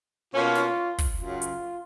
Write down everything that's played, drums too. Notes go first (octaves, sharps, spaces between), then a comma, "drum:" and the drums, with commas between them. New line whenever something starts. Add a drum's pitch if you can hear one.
B2 A#3 C#4 F4
drum: snare
drum: kick, open hi-hat
F#2 C#3 F#3 F4
drum: hi-hat